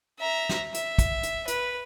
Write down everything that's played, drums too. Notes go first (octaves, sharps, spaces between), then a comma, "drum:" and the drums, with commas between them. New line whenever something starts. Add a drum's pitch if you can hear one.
E5 A#5
drum: snare
E5, drum: hi-hat
drum: kick, hi-hat
drum: hi-hat
B4, drum: hi-hat